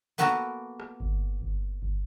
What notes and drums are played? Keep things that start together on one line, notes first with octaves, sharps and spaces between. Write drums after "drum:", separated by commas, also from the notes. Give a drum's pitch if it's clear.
A#3 B3 F#4 A4 A5 A#5
drum: rim click
drum: kick G1
drum: kick G1
drum: kick G1